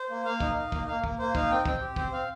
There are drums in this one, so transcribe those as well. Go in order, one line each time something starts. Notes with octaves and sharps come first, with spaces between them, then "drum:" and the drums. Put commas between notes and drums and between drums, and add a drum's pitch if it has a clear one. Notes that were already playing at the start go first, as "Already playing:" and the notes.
Already playing: C5
A#3
A#3 F5
D#4, drum: kick
D#4
A#3, drum: kick
A#3 F5
A#3, drum: kick
A#3 C5
D#4 F5, drum: kick
C4 G5
C4 G5, drum: kick
G4
C4 C5, drum: kick
C4 F5